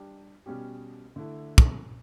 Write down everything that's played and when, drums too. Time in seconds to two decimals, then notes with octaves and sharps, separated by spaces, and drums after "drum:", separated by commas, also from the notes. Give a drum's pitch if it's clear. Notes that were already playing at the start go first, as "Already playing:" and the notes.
Already playing: G3 D4 G4
0.46 B2 G3 C#4 G4
1.16 D3 A3 E4 A4
1.58 drum: kick